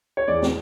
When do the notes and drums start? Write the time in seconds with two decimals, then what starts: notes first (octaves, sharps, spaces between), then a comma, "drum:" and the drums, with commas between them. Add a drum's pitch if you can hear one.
0.17 C#5
0.28 E2 D5
0.42 drum: snare